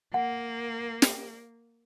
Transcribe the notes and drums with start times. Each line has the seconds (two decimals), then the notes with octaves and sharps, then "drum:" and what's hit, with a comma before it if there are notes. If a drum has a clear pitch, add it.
0.14 A#3 F#5
1.02 drum: snare